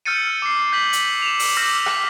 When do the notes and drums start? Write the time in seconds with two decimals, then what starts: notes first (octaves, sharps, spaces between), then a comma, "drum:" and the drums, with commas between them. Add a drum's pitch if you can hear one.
0.05 E6 F6 G6 A6 C#7 D#7
0.42 D6 C7
0.72 G6 B6 F#7
0.93 drum: hi-hat
1.22 E7 F7
1.39 drum: open hi-hat
1.57 D6 E6 F6 G6 A#6
1.86 D6 F6 B6, drum: rim click